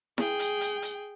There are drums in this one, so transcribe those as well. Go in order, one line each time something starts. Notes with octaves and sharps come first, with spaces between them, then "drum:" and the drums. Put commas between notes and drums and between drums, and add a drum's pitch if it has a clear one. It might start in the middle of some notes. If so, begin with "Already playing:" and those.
G#4 G5, drum: snare E4
drum: hi-hat
drum: hi-hat
drum: hi-hat